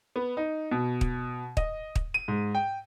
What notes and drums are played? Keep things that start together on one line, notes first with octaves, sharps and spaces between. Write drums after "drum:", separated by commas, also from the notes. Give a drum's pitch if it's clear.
B3
D#4
B2
drum: kick
D#5, drum: kick
drum: kick
D#7
G#2
G5